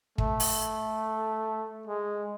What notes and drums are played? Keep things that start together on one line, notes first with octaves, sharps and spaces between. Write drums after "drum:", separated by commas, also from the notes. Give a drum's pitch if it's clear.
A3, drum: kick
drum: open hi-hat
G#3